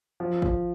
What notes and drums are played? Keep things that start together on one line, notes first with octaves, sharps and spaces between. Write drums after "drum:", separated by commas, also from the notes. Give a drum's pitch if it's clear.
F3
drum: kick